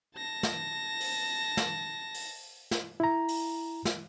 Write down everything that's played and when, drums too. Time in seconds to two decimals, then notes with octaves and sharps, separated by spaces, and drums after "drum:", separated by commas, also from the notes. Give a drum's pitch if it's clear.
0.16 A5 A#6
0.43 drum: snare
1.00 drum: open hi-hat
1.57 drum: snare
2.14 drum: open hi-hat
2.71 drum: snare
3.00 E4 A#5
3.28 drum: open hi-hat
3.85 drum: snare